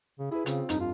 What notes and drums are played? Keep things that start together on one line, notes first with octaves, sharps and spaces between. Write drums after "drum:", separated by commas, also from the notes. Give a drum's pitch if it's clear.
C#3
E4 G#4 B4
C#3 C4 F4, drum: hi-hat
F1 G2 D#4, drum: hi-hat
F4